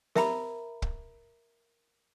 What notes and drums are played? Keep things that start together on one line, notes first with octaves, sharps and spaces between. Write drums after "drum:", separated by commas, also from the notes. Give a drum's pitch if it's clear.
A#4 E5 A#5 B5, drum: snare
drum: kick